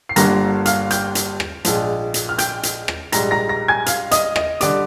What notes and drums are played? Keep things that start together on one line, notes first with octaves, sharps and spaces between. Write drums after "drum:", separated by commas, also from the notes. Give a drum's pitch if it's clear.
C7
G1 G2 D3 G3 A#3 A#5 A#6, drum: hi-hat
F5 F6, drum: hi-hat
G5 G6, drum: hi-hat
drum: hi-hat
drum: rim click
A#1 G#2 F3, drum: hi-hat
drum: hi-hat
F6
G5 G6, drum: hi-hat
drum: hi-hat
drum: rim click
A#1 G#2 G3 A#5 A#6, drum: hi-hat
A#5 A#6
A#5 A#6
G#5 G#6
F5 F6, drum: hi-hat
D#5 D#6, drum: hi-hat
D#5 D#6, drum: rim click
D3 G3 D5 D6, drum: hi-hat